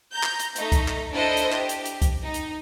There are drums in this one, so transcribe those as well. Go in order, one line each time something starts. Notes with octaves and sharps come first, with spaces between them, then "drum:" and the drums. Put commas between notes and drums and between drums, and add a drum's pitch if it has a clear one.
A#5 G6
drum: clap
drum: hi-hat
A3 D#4 A#5, drum: hi-hat
drum: kick C2, hi-hat
drum: clap
D4 E4 A4 C5 D#5
drum: hi-hat
G4, drum: clap
drum: hi-hat
drum: hi-hat
drum: kick C2, hi-hat
D#4
drum: hi-hat